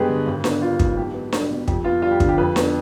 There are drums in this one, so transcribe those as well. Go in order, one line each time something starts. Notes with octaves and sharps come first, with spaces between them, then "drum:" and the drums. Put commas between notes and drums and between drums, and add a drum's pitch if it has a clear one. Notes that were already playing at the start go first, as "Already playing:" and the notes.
Already playing: G2 B2 G#3 B3 G4 G#4 B4
D3
G#1
B3, drum: snare D4
G3 F4
G#2, drum: kick
B1 G4
B3
G3, drum: snare D4
B2
F2 G4, drum: kick
B3 F4
G3 F4
G4
D3, drum: kick
G4
F2 B4
B3, drum: snare D4